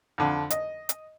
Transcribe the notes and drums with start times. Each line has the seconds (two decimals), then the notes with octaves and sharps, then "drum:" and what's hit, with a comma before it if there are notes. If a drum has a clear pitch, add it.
0.18 F2 D3
0.50 D#5, drum: hi-hat
0.89 drum: hi-hat